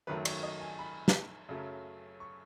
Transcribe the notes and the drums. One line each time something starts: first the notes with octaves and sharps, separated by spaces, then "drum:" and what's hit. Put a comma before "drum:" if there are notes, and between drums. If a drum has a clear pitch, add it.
G#1 F#2 D#3 F#3 A3 B4
C#5, drum: cymbal
D#5
G#5
B5
drum: snare
F#2 C#3 F#3 A3
C#6